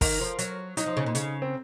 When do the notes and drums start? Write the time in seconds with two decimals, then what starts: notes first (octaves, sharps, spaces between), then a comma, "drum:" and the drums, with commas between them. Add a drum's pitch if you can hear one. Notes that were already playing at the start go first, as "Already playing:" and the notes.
0.01 D#3 A#4, drum: kick, open hi-hat
0.21 F3
0.39 F#3, drum: hi-hat
0.77 F#3 D#4, drum: hi-hat
0.86 F3
0.97 C#3
1.06 A#2
1.15 C#3, drum: hi-hat
1.42 C4